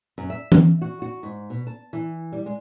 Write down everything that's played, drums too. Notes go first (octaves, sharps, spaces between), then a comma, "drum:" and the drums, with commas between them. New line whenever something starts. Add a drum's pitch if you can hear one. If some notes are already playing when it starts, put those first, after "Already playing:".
F#2
E5
drum: tom E3
F#4
F#4
G#2
B2
A5
E3
G3
G#3